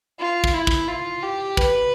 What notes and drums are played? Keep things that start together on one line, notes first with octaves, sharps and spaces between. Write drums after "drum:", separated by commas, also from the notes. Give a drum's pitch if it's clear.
F4
drum: kick
E4
drum: kick
F4
G4
B4, drum: kick